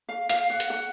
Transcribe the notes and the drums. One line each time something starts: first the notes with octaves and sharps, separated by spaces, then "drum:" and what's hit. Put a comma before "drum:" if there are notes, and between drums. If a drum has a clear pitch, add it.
F5
F5, drum: hi-hat
F#5
drum: hi-hat
F#5